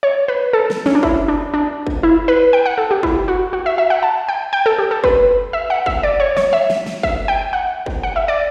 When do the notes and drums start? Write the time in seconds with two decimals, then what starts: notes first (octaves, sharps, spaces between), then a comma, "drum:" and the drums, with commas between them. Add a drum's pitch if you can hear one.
0.03 C#5
0.28 B4
0.53 A4
0.70 drum: snare
0.86 C#4, drum: snare
0.95 D4
1.03 E4, drum: kick
1.28 D4
1.54 D4
1.87 drum: kick
2.03 E4
2.28 B4
2.53 G5
2.66 F#5
2.78 A4
2.91 G4
3.03 E4, drum: kick
3.28 F#4
3.53 F#4
3.66 E5
3.78 E5
3.90 F#5
4.03 A5
4.28 G5
4.53 G5
4.66 A4
4.79 G4
4.91 A4
5.04 B4, drum: kick
5.53 E5
5.70 F#5
5.86 E5, drum: kick
6.03 D5
6.20 C#5
6.37 C#5, drum: snare
6.53 E5
6.70 drum: snare
6.86 drum: snare
7.03 E5, drum: kick
7.28 G5
7.53 F#5
7.86 drum: kick
8.03 F#5
8.16 E5
8.28 D5